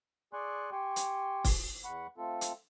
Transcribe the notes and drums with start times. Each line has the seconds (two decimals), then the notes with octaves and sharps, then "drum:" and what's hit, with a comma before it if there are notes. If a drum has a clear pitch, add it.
0.33 G#4 D5 G#5 C6 C#6 F#6
0.72 G4 G5 G#5 C6 C#6
0.96 drum: hi-hat
1.44 drum: kick, open hi-hat
1.84 E2 F#5 B5 C#6
2.18 A3 C4 F4 A4
2.41 drum: hi-hat